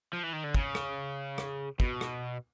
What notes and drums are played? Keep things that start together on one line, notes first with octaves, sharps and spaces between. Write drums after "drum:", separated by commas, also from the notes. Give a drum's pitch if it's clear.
F3
E3
D#3
D3
C#3, drum: kick
drum: rim click
drum: rim click
B2, drum: kick
drum: rim click